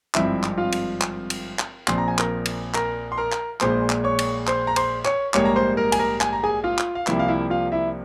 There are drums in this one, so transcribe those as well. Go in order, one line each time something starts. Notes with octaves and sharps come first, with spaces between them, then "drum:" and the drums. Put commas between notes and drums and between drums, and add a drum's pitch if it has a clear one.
G#1 G2 F3 C4 E4 E5, drum: clap
drum: clap
F4 F5
drum: cymbal
drum: clap
drum: cymbal
drum: clap
A#1 A#2 F3 C4 C6, drum: clap
A#5
G#5
A#4 A#5, drum: clap
drum: cymbal
A#4 A#5, drum: clap
C6
A#4 A#5
drum: clap
A#1 A#2 G#3 C5 C6, drum: clap
drum: clap
C#5 C#6
drum: cymbal
C5 C6, drum: clap
A#5
C5 C6, drum: cymbal
C#5 C#6, drum: clap
A#1 G#2 G3 A#3 C#5 C#6, drum: clap
A#5
C5 C6
A#4 A#5
G#5, drum: cymbal
A#4 A#5
G#5, drum: clap
A#5
G#4 G#5
F4 F5
drum: clap
F5
C2 C3 F3 A#3 E4 E5, drum: clap
F5
E4 E5
F4 F5
E4 E5